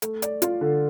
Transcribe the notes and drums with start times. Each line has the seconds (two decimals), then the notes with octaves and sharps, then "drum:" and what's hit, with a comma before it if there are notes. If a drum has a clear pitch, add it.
0.02 A3, drum: hi-hat
0.22 D5, drum: hi-hat
0.42 F4, drum: hi-hat
0.61 D3